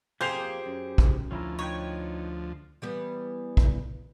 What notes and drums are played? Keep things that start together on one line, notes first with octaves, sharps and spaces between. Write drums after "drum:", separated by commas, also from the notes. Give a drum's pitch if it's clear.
F2 A#3 G4 G#4 C5 G6 C7 F7
F#2
drum: kick A#1
D2 F3 C#4 E4 A#4
D#4 B4 C#5 G5
E3 G3 B3
drum: kick A#1